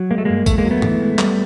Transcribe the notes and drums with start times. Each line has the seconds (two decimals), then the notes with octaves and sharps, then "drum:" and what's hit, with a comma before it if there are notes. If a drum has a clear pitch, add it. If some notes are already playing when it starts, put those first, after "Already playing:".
Already playing: F#3
0.11 G#3 A#3
0.18 A3
0.25 G2 G#3 A#3
0.46 E2 A3, drum: kick, tambourine
0.58 G#3 A#3
0.65 F#3
0.71 A3 B3
0.82 E3, drum: tom G#2
1.01 G#3
1.18 G3, drum: clap